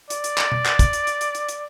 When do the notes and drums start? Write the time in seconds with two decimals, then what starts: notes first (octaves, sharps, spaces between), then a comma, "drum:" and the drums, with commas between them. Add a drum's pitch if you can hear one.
0.10 D5, drum: hi-hat
0.24 drum: hi-hat
0.38 drum: clap
0.52 drum: tom B2
0.65 drum: clap
0.79 drum: kick, hi-hat
0.93 drum: hi-hat
1.07 drum: hi-hat
1.21 drum: hi-hat
1.35 drum: hi-hat
1.49 drum: hi-hat